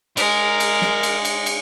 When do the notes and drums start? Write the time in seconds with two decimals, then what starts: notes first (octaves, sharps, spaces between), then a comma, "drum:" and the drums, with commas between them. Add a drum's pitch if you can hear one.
0.17 G#3 A#4, drum: cymbal
0.60 drum: cymbal
0.82 drum: snare
1.03 drum: cymbal
1.25 drum: cymbal
1.46 drum: cymbal